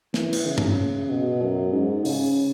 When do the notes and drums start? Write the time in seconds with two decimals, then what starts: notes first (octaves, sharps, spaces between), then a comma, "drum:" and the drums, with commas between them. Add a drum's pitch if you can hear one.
0.14 E3, drum: snare
0.33 drum: cymbal
0.46 C#3
0.58 drum: tom G2
1.09 B2
1.42 F#2
1.73 G#2
2.05 C#3, drum: open hi-hat